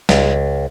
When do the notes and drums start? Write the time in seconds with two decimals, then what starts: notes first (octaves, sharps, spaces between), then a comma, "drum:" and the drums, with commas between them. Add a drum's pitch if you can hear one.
0.09 C#2, drum: snare